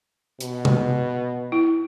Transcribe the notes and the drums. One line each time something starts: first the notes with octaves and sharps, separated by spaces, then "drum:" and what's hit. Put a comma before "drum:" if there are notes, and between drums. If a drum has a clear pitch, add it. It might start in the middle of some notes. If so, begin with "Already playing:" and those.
B2, drum: hi-hat
drum: tom C3
E4